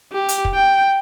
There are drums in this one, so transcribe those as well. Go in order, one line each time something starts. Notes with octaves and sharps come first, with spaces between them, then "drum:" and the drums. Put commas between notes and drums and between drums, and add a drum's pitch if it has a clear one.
G4
drum: hi-hat
drum: kick
G5